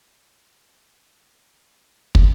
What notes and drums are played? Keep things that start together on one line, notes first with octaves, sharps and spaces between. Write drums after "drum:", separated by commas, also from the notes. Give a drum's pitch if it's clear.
F2 C4 B4
drum: kick